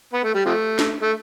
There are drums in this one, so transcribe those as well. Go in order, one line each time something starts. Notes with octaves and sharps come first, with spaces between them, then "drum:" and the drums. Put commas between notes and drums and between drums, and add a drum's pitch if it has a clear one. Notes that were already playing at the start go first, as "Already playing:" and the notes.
B3
A3
G3
C3 F3 A3
drum: snare
A3